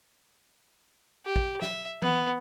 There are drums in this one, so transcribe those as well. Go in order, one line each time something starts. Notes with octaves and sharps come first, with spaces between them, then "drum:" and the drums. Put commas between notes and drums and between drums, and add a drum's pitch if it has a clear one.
G4
drum: kick
E5, drum: snare
B3, drum: tom E3